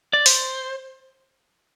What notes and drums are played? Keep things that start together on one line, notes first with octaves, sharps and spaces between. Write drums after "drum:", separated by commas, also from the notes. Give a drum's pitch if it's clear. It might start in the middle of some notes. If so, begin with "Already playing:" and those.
D5
C5, drum: open hi-hat